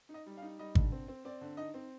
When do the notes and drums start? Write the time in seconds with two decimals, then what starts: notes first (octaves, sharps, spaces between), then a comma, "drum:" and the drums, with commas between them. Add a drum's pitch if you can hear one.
0.09 D#4
0.14 D#5
0.26 G3
0.37 F5
0.42 D#4
0.59 G3 D#5
0.75 D3, drum: kick
0.92 C4
1.08 C4
1.25 C4 D5
1.41 D3
1.57 D#4 D#5
1.74 C4